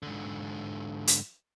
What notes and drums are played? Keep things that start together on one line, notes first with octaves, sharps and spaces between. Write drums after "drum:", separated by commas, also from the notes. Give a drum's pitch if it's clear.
G#2 D3
drum: hi-hat